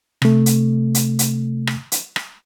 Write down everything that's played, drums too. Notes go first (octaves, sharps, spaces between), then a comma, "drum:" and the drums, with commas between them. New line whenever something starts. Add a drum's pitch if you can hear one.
C3 A3, drum: rim click
drum: hi-hat
drum: hi-hat
drum: hi-hat
drum: rim click
drum: hi-hat
drum: rim click